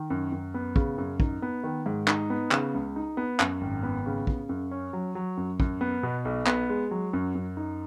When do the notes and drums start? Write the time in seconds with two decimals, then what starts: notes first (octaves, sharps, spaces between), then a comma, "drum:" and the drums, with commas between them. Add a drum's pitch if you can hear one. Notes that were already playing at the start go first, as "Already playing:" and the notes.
Already playing: D#3
0.10 F#2
0.32 F#2
0.54 B3
0.76 C#3, drum: kick
0.98 F#2
1.20 D#4, drum: kick
1.42 B3
1.64 D#3
1.86 G#2
2.08 D#4, drum: clap
2.30 B3
2.51 C#3, drum: clap
2.74 C#2
2.96 D#4
3.17 B3
3.40 F#2, drum: clap
3.61 G#1
3.83 B3
4.06 C#3
4.27 C#3, drum: kick
4.49 F#2
4.71 C#4
4.93 F#3
5.15 F#3
5.37 F#2
5.60 F#2, drum: kick
5.81 B3
6.03 B2
6.25 B1
6.46 B3, drum: clap
6.69 G#3
6.91 F#3
7.13 F#2
7.35 F#2
7.57 D#4